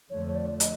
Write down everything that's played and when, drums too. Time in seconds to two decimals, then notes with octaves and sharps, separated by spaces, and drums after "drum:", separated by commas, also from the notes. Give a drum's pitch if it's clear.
0.09 F2 D3 F3 A3 C#5
0.27 C#5
0.35 D5
0.60 D#5, drum: hi-hat